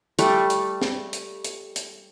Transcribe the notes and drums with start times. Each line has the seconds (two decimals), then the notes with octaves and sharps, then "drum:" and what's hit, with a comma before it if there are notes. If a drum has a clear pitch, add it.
0.19 G3 A3, drum: hi-hat
0.50 drum: hi-hat
0.82 drum: snare
1.13 drum: hi-hat
1.44 drum: hi-hat
1.76 drum: hi-hat